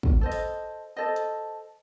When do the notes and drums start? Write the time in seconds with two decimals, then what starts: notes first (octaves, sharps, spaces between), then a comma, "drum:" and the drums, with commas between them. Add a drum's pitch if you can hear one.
0.03 drum: kick
0.21 A4 C5 D#5
0.32 drum: open hi-hat
0.96 A4 C5 D#5
1.16 drum: hi-hat